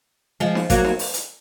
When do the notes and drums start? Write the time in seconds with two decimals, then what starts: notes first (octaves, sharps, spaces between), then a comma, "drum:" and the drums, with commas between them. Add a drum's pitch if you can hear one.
0.40 F3 G#3
0.55 drum: snare D#4
0.70 F#3 A#3, drum: kick G#1, hi-hat
0.84 drum: snare D#4
0.99 drum: open hi-hat
1.14 drum: hi-hat